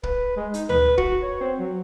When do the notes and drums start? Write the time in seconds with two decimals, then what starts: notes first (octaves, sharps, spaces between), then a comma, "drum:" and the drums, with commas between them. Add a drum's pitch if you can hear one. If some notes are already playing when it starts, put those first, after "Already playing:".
0.03 B4, drum: kick
0.37 G#3
0.54 D#4, drum: hi-hat
0.69 B4, drum: tom D2
0.98 F#4, drum: kick
1.23 C#5
1.40 C4
1.59 F#3